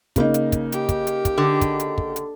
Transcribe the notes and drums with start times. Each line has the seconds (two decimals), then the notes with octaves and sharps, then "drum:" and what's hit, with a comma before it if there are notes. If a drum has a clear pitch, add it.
0.16 C#3 A#3 D#4, drum: kick, hi-hat
0.34 drum: hi-hat
0.52 drum: kick, hi-hat
0.72 G4, drum: hi-hat
0.89 drum: kick, hi-hat
1.07 drum: hi-hat
1.25 drum: kick, hi-hat
1.38 D3
1.61 drum: kick, hi-hat
1.80 drum: hi-hat
1.98 drum: kick
2.16 drum: hi-hat